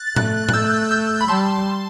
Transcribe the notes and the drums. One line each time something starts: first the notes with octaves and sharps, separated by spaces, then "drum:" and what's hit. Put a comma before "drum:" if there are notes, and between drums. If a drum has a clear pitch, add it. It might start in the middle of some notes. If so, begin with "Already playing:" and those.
Already playing: F#6 A6
A3 F#6 A6, drum: tom A2
F#6, drum: tom A2
A3 E6 G6
E6 G6
B5
G3 A5 C6